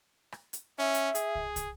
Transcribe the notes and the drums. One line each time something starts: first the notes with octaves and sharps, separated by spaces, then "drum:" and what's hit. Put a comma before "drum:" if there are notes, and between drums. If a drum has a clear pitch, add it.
drum: rim click
drum: hi-hat
C#4 E5
drum: hi-hat
G#4, drum: hi-hat
drum: kick
drum: kick, hi-hat